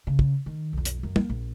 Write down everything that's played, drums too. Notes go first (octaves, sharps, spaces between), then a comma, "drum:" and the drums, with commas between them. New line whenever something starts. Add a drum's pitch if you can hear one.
C#3
drum: kick
D#3
B1 F2
drum: hi-hat
F#2
A#3, drum: tom
A#1